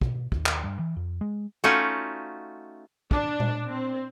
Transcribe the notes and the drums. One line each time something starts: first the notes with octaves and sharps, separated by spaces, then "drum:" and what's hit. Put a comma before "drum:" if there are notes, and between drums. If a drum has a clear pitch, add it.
B2, drum: kick
D#2, drum: kick
drum: clap
G2
E3
F2
G#3
A3 C#4 D#4 F4 F#4
D4, drum: kick
drum: tom A#2
C4